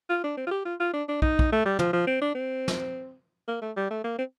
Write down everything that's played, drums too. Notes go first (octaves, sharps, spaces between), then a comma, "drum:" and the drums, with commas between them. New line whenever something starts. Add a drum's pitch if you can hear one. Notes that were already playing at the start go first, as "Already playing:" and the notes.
F4
D4
C4
F4
G4
F4
F4
D4
D4
D#4, drum: kick
drum: kick
A3
G3
F3, drum: tom
F3
C4
D4
C4
drum: snare
A#3
A3
G3
A3
A#3
C4